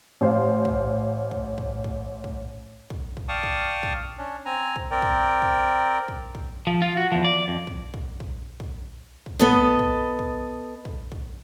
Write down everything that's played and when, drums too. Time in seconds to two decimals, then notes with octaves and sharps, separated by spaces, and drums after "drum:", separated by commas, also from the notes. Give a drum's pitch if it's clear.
0.21 A1 C5 F5
0.65 drum: kick
1.31 drum: kick
1.58 drum: kick
1.84 drum: kick
2.24 drum: kick
2.90 drum: kick
3.17 drum: kick
3.28 D5 F5 G5 A5 C#6 D#6
3.43 drum: kick
3.83 drum: kick
4.18 C#4 D4
4.46 C4 G#5 A#5
4.76 drum: kick
4.91 C4 A#4 D5 G5
5.02 drum: kick
5.42 drum: kick
6.08 drum: kick
6.35 drum: kick
6.67 F3
6.82 F4
6.97 F#4
7.12 E2 F3
7.24 D5
7.48 F2
7.67 drum: kick
7.94 drum: kick
8.20 drum: kick
8.60 drum: kick
9.26 drum: kick
9.39 B3 A4 D#5
9.53 drum: kick
9.79 drum: kick
10.19 drum: kick
10.85 drum: kick
11.12 drum: kick